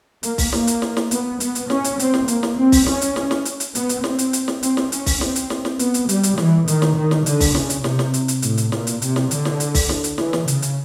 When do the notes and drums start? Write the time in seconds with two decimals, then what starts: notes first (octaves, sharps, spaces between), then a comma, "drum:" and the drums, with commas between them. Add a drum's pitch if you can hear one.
0.23 A#3, drum: hi-hat
0.38 drum: kick, open hi-hat
0.53 A#3, drum: snare
0.67 drum: hi-hat
0.82 drum: snare
0.97 drum: snare
1.11 B3, drum: hi-hat
1.40 B3, drum: hi-hat
1.55 drum: hi-hat
1.70 C#4, drum: snare
1.84 drum: hi-hat
1.99 C4, drum: hi-hat
2.14 drum: snare
2.28 A#3, drum: hi-hat
2.43 drum: snare
2.57 C4
2.72 drum: kick, open hi-hat
2.86 C#4, drum: snare
3.01 drum: hi-hat
3.16 drum: snare
3.31 drum: snare
3.45 drum: hi-hat
3.60 drum: hi-hat
3.75 B3, drum: hi-hat
3.89 drum: hi-hat
4.04 C4, drum: snare
4.19 drum: hi-hat
4.33 drum: hi-hat
4.48 drum: snare
4.63 C4, drum: hi-hat
4.77 drum: snare
4.92 C#4, drum: hi-hat
5.06 drum: kick, open hi-hat
5.21 C4, drum: snare
5.36 drum: hi-hat
5.50 drum: snare
5.65 drum: snare
5.79 B3, drum: hi-hat
5.94 drum: hi-hat
6.09 G3, drum: hi-hat
6.23 drum: hi-hat
6.38 E3, drum: snare
6.68 D#3, drum: hi-hat
6.82 drum: snare
6.96 D#3
7.11 drum: snare
7.26 D3, drum: hi-hat
7.40 drum: kick, open hi-hat
7.55 C#3, drum: snare
7.70 drum: hi-hat
7.84 C3, drum: snare
7.99 drum: snare
8.14 drum: hi-hat
8.28 drum: hi-hat
8.42 A2, drum: hi-hat
8.57 drum: hi-hat
8.72 A#2, drum: snare
8.87 drum: hi-hat
9.02 C3, drum: hi-hat
9.16 drum: snare
9.31 D3, drum: hi-hat
9.45 drum: snare
9.60 drum: hi-hat
9.75 drum: kick, open hi-hat
9.89 drum: snare
10.04 drum: hi-hat
10.18 E3, drum: snare
10.33 drum: snare
10.48 C#3, drum: hi-hat
10.62 drum: hi-hat